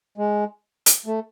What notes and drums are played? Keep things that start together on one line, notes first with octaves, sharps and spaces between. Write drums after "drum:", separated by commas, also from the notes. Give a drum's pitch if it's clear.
G#3
drum: hi-hat
A3